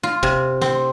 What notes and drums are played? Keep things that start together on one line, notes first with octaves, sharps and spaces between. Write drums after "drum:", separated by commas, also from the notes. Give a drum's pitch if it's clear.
F4
C3, drum: kick F#1
C4, drum: snare